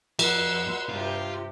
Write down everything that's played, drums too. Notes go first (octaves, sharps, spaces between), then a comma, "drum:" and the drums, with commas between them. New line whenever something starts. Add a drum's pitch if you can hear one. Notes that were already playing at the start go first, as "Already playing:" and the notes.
F2 F#5 C6 E6, drum: cymbal
G2 C3 F4 G4